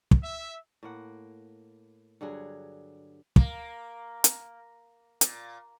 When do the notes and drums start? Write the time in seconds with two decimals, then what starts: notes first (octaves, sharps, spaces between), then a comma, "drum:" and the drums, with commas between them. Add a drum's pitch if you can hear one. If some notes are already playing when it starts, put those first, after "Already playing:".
0.11 drum: kick
0.23 E5
0.83 A2 A#3 F#5
2.21 G2 D3 F#3 G#4
3.36 A#3, drum: kick
4.24 drum: hi-hat
5.21 A#2, drum: hi-hat